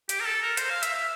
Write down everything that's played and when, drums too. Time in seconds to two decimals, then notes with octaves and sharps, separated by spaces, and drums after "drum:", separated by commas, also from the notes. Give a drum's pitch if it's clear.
0.09 G4, drum: hi-hat
0.20 A#4
0.26 A4
0.42 A#4
0.57 C5, drum: hi-hat
0.70 F5
0.83 E5, drum: hi-hat
0.94 E5